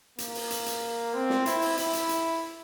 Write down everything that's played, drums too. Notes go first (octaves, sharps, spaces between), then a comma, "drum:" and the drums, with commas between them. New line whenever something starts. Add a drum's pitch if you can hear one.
A#3, drum: hi-hat
drum: open hi-hat
drum: hi-hat
drum: hi-hat
C4
drum: snare
E4, drum: hi-hat
drum: open hi-hat
E4, drum: hi-hat
drum: hi-hat
drum: hi-hat